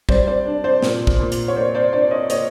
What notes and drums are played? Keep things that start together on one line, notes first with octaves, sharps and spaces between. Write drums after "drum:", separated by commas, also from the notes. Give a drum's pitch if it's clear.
G3 C5 D5, drum: kick
C5 D5
D4
C5 D5
A#2, drum: snare
drum: kick
A#2
drum: hi-hat
C#5
A#3 C5 D5
C5 D5
D4 C5 D5
C#5 D#5
A#3 C#5 D#5, drum: hi-hat